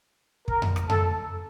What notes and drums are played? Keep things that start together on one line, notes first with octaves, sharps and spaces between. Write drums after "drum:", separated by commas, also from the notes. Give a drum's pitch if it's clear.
A#4, drum: kick
drum: tom F2
drum: rim click
A4, drum: tom F2